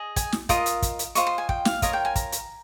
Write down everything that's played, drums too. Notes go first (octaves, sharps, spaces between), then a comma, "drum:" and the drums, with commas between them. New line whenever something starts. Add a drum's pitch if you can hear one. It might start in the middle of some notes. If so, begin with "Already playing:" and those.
Already playing: G#4 D#5
G#5, drum: kick, hi-hat
drum: snare
F4 A#4 D#5 D#6, drum: kick, hi-hat
drum: hi-hat
drum: kick, hi-hat
drum: hi-hat
F4 C5 D#5 C#6, drum: hi-hat
C6
G#5
G5, drum: kick
F5, drum: snare
F4 A#4 C#5 D#5, drum: kick, hi-hat
G5
G#5
A#5, drum: kick, hi-hat
drum: hi-hat